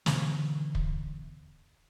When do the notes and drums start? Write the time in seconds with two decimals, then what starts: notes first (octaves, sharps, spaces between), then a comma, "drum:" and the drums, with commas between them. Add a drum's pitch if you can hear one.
0.06 B2 D3 E3, drum: snare
0.75 drum: kick